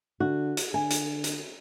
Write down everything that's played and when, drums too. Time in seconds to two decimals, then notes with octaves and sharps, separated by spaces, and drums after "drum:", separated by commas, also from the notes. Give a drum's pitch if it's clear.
0.20 D3 F#4
0.57 drum: hi-hat
0.74 D3 G#5
0.91 drum: hi-hat
1.24 drum: hi-hat